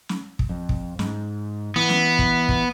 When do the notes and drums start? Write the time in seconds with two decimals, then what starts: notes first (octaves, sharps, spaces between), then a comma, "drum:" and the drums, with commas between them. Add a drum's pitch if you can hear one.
0.09 drum: snare
0.39 drum: kick
0.49 F2
0.69 drum: kick
0.99 G#2, drum: snare
1.76 E3 B3
1.89 drum: snare
2.19 drum: kick
2.49 drum: kick